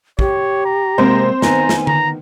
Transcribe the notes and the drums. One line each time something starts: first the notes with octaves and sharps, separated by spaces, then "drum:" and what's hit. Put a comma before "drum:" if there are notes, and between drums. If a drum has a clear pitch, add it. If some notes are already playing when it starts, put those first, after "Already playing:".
G4 C#5, drum: kick
A#5
C3 G#3 A#3 C4 C5
D#3 B3 D#4 G#5 A#5, drum: snare
drum: snare
A#5, drum: tom D3